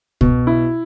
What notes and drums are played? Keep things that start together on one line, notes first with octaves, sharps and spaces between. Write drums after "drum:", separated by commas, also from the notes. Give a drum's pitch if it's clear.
B2, drum: kick
E4